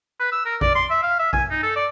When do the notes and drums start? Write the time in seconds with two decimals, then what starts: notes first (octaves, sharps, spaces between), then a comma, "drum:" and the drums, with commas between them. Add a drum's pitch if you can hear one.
0.19 B4
0.32 E6
0.46 A#4
0.61 D5, drum: kick A#1
0.75 C6
0.90 E5
1.03 F5
1.19 E5
1.33 G#5, drum: kick A#1
1.51 D#4
1.63 A4
1.76 D5